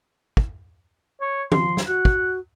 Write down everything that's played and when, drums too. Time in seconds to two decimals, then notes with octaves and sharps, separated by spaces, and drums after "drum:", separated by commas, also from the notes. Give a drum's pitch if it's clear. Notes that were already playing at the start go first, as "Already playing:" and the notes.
0.37 drum: kick
1.21 C#5
1.52 F3 C6, drum: tom D#3
1.77 drum: snare
1.87 F#4 F#5
2.05 drum: kick